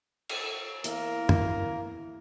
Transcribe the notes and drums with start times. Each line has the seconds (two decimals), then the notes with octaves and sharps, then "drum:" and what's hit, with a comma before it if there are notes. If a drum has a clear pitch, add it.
0.29 drum: cymbal
0.84 E2 A#3 A#4, drum: hi-hat
1.29 drum: tom